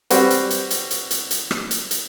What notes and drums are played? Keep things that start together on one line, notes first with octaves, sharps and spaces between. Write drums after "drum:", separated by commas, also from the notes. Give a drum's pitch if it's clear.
G3 C4 F#4 B4, drum: hi-hat
drum: hi-hat
drum: hi-hat
drum: hi-hat
drum: hi-hat
drum: hi-hat
drum: hi-hat
drum: rim click
drum: hi-hat
drum: hi-hat